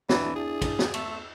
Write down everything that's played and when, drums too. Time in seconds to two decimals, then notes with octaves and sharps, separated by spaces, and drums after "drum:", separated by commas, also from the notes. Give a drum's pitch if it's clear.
0.09 E3 D4 E4 A5, drum: snare
0.36 G#4
0.62 drum: kick, cymbal
0.79 drum: snare
0.94 A3 E6, drum: cymbal